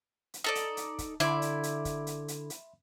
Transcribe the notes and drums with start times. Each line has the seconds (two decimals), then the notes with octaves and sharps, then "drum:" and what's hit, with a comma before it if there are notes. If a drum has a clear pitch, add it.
0.34 drum: hi-hat
0.44 D#4 A4 D5
0.55 drum: hi-hat
0.77 drum: hi-hat
0.99 drum: kick, hi-hat
1.20 D3 E4 D5 E5 B5 C6, drum: hi-hat
1.42 drum: hi-hat
1.63 drum: hi-hat
1.85 drum: kick, hi-hat
2.07 drum: hi-hat
2.28 drum: hi-hat
2.50 drum: hi-hat